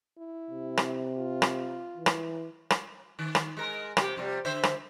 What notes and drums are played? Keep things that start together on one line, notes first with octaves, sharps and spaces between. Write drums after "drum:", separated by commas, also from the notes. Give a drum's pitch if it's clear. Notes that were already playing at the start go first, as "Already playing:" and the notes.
E4
C3
drum: rim click
F4
drum: rim click
E3
drum: rim click
drum: rim click
D#3
drum: rim click
G#3 A#4
C3 G4, drum: rim click
F2 C3 G3
D3 C5 E5
drum: rim click